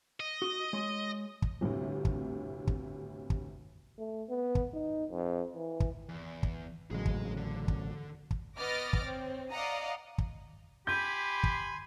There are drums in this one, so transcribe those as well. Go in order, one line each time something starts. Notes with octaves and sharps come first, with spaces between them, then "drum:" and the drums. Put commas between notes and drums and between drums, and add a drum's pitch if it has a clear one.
D#5
F#4
G#3 C#5 C6
drum: kick
G1 D2 A2 C3
drum: kick
drum: kick
drum: kick
A3
B3
drum: kick
D#4
F2
E3
drum: kick
E2
drum: kick
A1 C#3 F#3 G#4 D#5
drum: kick
D3
drum: kick
drum: kick
B3 D#5 D6 F6 A6 A#6
drum: kick
C4 C#5
D5 D#5 F5 F#5 A#5 D#6
drum: kick
G4 G#5 B5 C6 G6
drum: kick